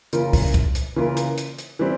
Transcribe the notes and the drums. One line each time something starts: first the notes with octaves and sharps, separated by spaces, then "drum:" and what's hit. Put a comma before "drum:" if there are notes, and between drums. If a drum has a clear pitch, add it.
C#3 E3 A#3 F4 A#4, drum: hi-hat
drum: kick, open hi-hat
drum: kick, hi-hat
drum: hi-hat
C#3 E3 A#3 F4 A#4
drum: hi-hat
drum: hi-hat
drum: hi-hat
E3 G3 C4